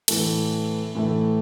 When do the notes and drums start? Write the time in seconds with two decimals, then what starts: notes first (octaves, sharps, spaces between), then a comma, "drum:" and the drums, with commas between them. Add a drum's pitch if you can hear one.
0.08 A2 E3 A3, drum: cymbal
0.95 A2 E3 A3